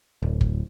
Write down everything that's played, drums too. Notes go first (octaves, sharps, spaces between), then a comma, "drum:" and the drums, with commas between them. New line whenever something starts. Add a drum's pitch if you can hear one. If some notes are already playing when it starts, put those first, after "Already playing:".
D1
drum: kick